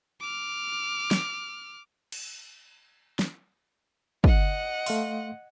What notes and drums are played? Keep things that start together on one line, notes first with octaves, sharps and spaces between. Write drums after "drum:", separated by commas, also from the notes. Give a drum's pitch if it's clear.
D6 F6
drum: snare
drum: cymbal
drum: snare
D#5 F#5, drum: kick
A3 F5 C6, drum: open hi-hat